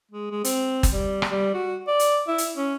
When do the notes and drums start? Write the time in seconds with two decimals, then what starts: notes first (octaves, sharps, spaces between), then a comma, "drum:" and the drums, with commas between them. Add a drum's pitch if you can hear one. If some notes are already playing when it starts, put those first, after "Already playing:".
0.11 G#3
0.32 G#3
0.44 C4, drum: hi-hat
0.83 drum: kick, hi-hat
0.93 G3
1.22 drum: rim click
1.31 G3
1.54 F#4
1.87 D5
1.99 drum: hi-hat
2.27 E4
2.38 drum: hi-hat
2.57 C#4